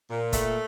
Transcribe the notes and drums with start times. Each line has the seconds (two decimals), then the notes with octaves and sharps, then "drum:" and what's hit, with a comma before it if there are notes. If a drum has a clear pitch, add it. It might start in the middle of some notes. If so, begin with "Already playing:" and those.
0.10 A#2
0.33 A3, drum: kick, hi-hat